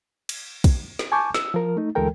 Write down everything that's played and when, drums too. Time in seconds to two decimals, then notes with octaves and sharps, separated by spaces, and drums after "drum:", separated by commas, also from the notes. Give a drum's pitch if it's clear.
0.29 drum: cymbal
0.64 drum: kick, cymbal
0.99 drum: snare
1.12 G#5 A5 C#6 D6 G6
1.34 E6, drum: snare
1.54 F3 A#4
1.77 A3 D#4
1.95 D2 E3 G#3 A4 A#4 G5